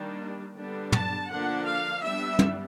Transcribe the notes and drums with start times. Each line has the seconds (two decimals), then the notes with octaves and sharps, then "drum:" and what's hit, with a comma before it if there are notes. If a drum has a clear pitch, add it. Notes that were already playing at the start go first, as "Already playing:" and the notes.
Already playing: D#3 G3 A#3 D4
0.56 D3 G3 B3 D4
0.92 A5, drum: tom
1.28 D3 F3 A#3 D4 F#5
1.65 F5
2.02 G3 B3 D4 E5
2.39 drum: tom